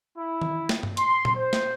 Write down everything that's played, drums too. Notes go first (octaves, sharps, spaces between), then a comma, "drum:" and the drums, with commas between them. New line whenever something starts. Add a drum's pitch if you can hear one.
E4
drum: tom D#3
drum: snare
drum: tom G2
C6, drum: hi-hat
drum: tom A#2
C5
drum: snare